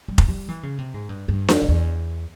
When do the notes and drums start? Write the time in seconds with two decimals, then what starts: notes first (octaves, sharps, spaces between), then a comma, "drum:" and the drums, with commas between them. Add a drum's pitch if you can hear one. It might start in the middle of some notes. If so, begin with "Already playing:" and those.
0.08 G3
0.18 drum: kick F1
0.28 G3
0.49 E3
0.63 C#3
0.78 C3
0.94 G#2
1.09 G2
1.28 G2
1.48 F2, drum: snare D4
1.62 F2
1.69 E2